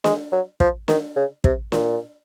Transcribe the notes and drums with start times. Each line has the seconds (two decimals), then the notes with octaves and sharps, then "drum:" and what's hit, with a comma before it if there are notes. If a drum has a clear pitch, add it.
0.04 G#3, drum: snare
0.32 F#3
0.60 F3, drum: kick
0.88 D#3, drum: snare
1.16 C#3
1.44 C3, drum: kick
1.72 A#2, drum: snare